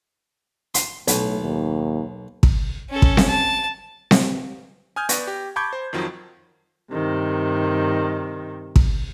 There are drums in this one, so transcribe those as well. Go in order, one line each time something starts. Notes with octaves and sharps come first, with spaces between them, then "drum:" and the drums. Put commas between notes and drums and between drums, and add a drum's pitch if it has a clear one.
C6, drum: hi-hat
B1 A2, drum: hi-hat
D#2
drum: kick
C#4 A4
drum: kick
drum: snare C4
A5
drum: snare C4
G#5 D#6 F6 G6 G#6
B3 D5 C#6 A#6, drum: hi-hat
G4
A5 B5 C#6 D6 G6 G#6
C5
F2 D#3 F3 F#3
G2 C3 D#3
drum: kick